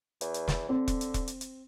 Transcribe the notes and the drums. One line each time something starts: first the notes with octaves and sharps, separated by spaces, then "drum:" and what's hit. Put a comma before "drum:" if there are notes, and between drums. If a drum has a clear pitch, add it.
E2, drum: hi-hat
drum: hi-hat
drum: snare
D3 C4
drum: kick E1, hi-hat
drum: hi-hat
drum: kick E1, hi-hat
drum: hi-hat
drum: hi-hat